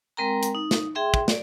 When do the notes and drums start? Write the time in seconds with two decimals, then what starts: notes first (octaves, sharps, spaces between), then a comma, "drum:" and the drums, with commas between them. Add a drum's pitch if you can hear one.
0.17 G#3 C4 A#4 G5 A#5
0.43 drum: hi-hat
0.55 D#4
0.71 drum: snare
0.95 G#4 E5 G5 C6
1.14 drum: kick
1.28 D5, drum: snare